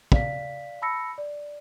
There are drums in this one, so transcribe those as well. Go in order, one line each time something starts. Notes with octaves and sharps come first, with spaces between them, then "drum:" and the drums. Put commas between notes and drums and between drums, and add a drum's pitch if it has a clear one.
D5 F5 B6, drum: kick
A5 B5 E6 A#6 C#7
D5